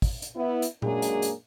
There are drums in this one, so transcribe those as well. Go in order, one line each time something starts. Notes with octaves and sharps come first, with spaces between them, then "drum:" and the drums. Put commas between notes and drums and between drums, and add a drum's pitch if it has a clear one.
drum: kick, open hi-hat
drum: hi-hat
B3 E4
drum: hi-hat
F#2 G#3 A#3 D4 G#4, drum: tom A#2
drum: hi-hat
drum: hi-hat